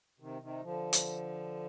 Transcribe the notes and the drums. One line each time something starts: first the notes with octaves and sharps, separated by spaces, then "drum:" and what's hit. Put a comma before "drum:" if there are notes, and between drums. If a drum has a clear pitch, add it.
C3 D#3
C3 D#3
D3 F3
drum: hi-hat